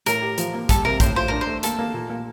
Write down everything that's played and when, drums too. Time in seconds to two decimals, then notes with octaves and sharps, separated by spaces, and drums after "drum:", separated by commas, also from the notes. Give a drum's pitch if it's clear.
0.06 A2 A#4, drum: hi-hat
0.22 G4
0.38 F3, drum: hi-hat
0.54 A#3
0.69 G3 A4, drum: kick, hi-hat
0.85 C3 A#4
1.00 A2 C5, drum: kick, hi-hat
1.16 F4 C5
1.28 D4 A#4
1.41 C5
1.47 A3
1.63 A#3 A4, drum: hi-hat
1.79 A#3
1.94 A#2
2.10 A#3